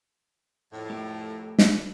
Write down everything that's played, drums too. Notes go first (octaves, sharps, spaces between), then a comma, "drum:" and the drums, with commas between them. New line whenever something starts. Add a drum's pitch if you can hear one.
F2 A2
A3 G4 A#4
drum: snare
F#3 D4 B4